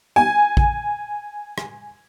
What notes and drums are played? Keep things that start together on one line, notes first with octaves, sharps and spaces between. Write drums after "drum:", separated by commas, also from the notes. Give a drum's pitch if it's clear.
G#5
drum: kick A1
drum: rim click